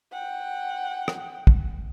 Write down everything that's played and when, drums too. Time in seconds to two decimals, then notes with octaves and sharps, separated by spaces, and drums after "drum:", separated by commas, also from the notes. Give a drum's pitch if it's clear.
0.12 F#5 G5
1.08 drum: rim click
1.47 drum: kick